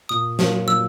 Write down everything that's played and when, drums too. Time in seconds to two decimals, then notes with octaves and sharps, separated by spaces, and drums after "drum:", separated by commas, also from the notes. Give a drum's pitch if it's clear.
0.09 A#2 D#6
0.39 F#3 A#3, drum: snare
0.68 A#2 E6